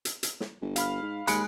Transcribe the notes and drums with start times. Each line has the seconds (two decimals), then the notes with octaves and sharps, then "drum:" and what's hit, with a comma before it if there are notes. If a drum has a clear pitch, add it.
0.05 drum: hi-hat
0.23 drum: hi-hat
0.40 drum: snare
0.62 G1
0.76 F5 B5 F6, drum: hi-hat
1.02 G#2
1.28 D#2 G#3 B5 F#6 C#7 D7, drum: hi-hat